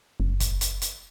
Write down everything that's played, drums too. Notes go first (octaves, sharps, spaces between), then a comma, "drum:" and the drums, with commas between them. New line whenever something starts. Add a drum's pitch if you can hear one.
F#1
drum: kick, hi-hat
drum: hi-hat
drum: hi-hat